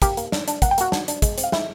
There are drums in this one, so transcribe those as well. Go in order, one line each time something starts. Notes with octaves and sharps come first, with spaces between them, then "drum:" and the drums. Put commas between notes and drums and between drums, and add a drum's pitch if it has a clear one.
A#3 G4 G5, drum: kick, hi-hat
A#3, drum: hi-hat
D4, drum: snare
D4, drum: hi-hat
A#3 F#5, drum: kick, hi-hat
G5
A#3 F#4 F#5, drum: hi-hat
D4, drum: snare
D4, drum: hi-hat
G#3, drum: kick, hi-hat
C4, drum: hi-hat
F5
G#3 E4 E5, drum: snare